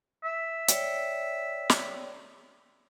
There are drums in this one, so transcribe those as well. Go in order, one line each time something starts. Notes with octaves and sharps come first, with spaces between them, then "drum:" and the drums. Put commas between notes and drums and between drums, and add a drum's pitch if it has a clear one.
E5
C#5 D5 G5, drum: hi-hat
drum: snare